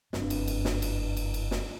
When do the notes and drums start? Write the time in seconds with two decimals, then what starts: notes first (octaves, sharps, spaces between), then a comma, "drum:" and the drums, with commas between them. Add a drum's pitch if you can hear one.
0.13 F#1 G2 C4, drum: snare
0.30 drum: cymbal
0.48 drum: cymbal
0.65 drum: snare
0.82 drum: cymbal
1.17 drum: cymbal
1.34 drum: cymbal
1.51 drum: snare